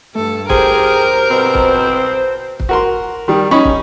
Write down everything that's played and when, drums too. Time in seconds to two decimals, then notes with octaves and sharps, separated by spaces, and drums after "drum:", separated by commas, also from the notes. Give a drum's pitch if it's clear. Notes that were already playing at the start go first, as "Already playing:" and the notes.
0.15 G2 A3 A4
0.49 G4 G#4 A#4 C5, drum: kick
1.30 B2 C4
1.55 drum: kick
2.60 drum: kick
2.69 F#4 A#4 C6
3.28 D#3 G3
3.51 C#4 D#4 B5 C#6
3.65 drum: kick